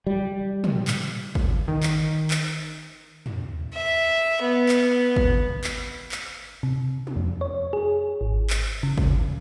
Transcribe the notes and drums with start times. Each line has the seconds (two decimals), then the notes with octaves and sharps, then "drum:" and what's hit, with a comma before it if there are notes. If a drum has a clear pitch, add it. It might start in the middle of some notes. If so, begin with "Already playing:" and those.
0.07 G3
0.64 drum: tom
0.88 drum: clap
1.35 drum: kick
1.68 D#3
1.83 drum: clap
2.31 drum: clap
3.26 drum: tom
3.73 E5
4.42 B3
4.69 drum: clap
5.16 drum: kick
5.64 drum: clap
6.12 drum: clap
6.63 C3
7.07 drum: tom
7.16 F2
7.41 C#5
7.73 G#4
8.21 G#1
8.50 drum: clap
8.83 C#3
8.98 drum: kick